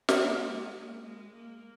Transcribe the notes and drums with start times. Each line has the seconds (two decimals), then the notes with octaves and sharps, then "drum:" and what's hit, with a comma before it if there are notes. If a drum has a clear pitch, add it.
0.09 drum: snare
0.21 A#3
0.48 G#3
0.77 A#3
1.05 G#3
1.34 A#3